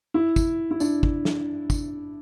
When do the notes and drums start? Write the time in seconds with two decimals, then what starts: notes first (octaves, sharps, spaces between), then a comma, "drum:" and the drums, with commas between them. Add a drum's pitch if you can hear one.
0.14 E4
0.36 drum: kick, tambourine
0.71 E4
0.80 D4, drum: tambourine
1.03 drum: kick
1.25 drum: snare
1.70 drum: kick, tambourine